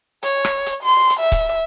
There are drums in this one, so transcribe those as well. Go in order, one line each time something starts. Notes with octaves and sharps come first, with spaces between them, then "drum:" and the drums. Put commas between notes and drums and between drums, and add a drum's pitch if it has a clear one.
C#5, drum: hi-hat
drum: rim click
drum: hi-hat
C6
drum: hi-hat
E5
drum: kick C#1, hi-hat